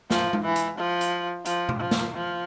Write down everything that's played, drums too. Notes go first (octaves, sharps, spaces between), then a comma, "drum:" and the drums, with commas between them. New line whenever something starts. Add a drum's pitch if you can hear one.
F3, drum: snare
drum: tom G#3
E3
drum: hi-hat
F3
drum: hi-hat
F3, drum: hi-hat
drum: tom B2
F3
drum: snare
F3